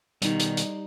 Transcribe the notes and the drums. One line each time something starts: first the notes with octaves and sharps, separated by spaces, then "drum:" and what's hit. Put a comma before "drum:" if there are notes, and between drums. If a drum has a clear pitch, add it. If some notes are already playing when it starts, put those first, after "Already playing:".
B2 D#3 G3 D#4, drum: hi-hat
drum: hi-hat
drum: hi-hat